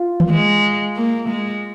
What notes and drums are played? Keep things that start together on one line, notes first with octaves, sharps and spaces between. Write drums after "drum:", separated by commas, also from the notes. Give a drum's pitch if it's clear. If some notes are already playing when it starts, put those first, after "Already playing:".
Already playing: F4
drum: tom D#3
G#3
A#3
G#3